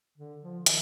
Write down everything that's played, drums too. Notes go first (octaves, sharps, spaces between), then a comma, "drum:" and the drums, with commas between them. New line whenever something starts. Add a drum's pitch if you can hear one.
D3
F3
D#3, drum: hi-hat